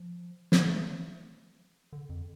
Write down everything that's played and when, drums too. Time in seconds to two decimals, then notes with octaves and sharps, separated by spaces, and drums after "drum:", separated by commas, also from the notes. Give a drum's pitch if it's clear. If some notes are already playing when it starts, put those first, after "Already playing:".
Already playing: F3
0.52 G3, drum: snare
0.69 A3
1.93 D3
2.09 F2